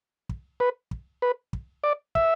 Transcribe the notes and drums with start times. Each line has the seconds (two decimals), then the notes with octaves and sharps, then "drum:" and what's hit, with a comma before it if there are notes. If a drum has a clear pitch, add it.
0.29 drum: kick
0.60 B4
0.91 drum: kick
1.22 B4
1.53 drum: kick
1.84 D5
2.15 E5, drum: kick